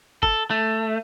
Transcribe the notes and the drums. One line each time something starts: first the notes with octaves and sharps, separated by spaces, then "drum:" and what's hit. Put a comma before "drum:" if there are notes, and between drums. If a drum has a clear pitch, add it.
A4, drum: kick
A3